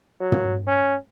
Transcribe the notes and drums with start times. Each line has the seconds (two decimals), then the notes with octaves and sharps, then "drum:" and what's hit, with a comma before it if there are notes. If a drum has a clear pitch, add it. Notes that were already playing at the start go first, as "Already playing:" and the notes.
0.20 F#3
0.32 drum: tom
0.67 C#4